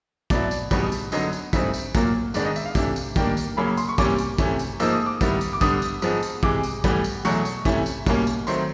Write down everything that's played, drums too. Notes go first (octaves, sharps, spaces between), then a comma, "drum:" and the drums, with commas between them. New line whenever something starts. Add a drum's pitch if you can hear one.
B2 F#3 B3 E4 D5, drum: kick, tambourine
drum: tambourine
E2 B2 G3 B3 D#4, drum: kick, tambourine
drum: tambourine
F#2 D3 F#3 B3 D#4 D#5, drum: tambourine
drum: tambourine
G2 E3 A3 C4 D#4 E5, drum: kick, tambourine
drum: tambourine
A#2 F#3 A#3, drum: kick, tambourine
G#2 D#3 G#3 B3 D4 D5, drum: tambourine
D#5
E5, drum: tambourine
F5
C3 E3 A3 D4, drum: kick, tambourine
drum: tambourine
D#3 G3 A#3 D4 G5, drum: kick, tambourine
drum: tambourine
F#2 C#3 F#3 A#3 C#4 B5
B5
C6, drum: tambourine
C#6
C3 E3 G3 A#3 C#4 D6, drum: kick, tambourine
drum: tambourine
C3 E3 A3 C#4 E4, drum: kick, tambourine
drum: tambourine
G#2 F3 A#3 D#4 E6, drum: tambourine
D#6
D6
D#3 G3 B3 E4, drum: kick, tambourine
drum: tambourine
D6
D3 G3 B3 D4 D#6, drum: kick, tambourine
drum: tambourine
G#2 F3 G#3 B3, drum: tambourine
drum: tambourine
C3 E3 G#3 D6, drum: kick
drum: tambourine
A2 E3 G3 B3, drum: kick, tambourine
drum: tambourine
E2 B2 F#3 A3 C#6, drum: tambourine
drum: tambourine
C3 E3 A3 C#4 E4, drum: kick, tambourine
drum: tambourine
B2 G3 A#3 C#4, drum: kick, tambourine
drum: tambourine
D#3 F#3 A3 C4 C6, drum: tambourine